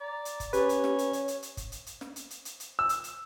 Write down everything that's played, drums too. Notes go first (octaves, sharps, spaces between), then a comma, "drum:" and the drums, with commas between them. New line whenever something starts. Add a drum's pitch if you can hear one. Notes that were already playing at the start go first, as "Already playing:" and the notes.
D5 A#5
drum: hi-hat
drum: kick F#1, hi-hat
C#4 G4 B4, drum: hi-hat
drum: hi-hat
drum: snare
drum: hi-hat
C#5, drum: hi-hat
drum: hi-hat
drum: hi-hat
drum: kick F#1, hi-hat
drum: hi-hat
drum: hi-hat
drum: snare
drum: hi-hat
drum: hi-hat
drum: hi-hat
drum: hi-hat
E6
drum: hi-hat
drum: hi-hat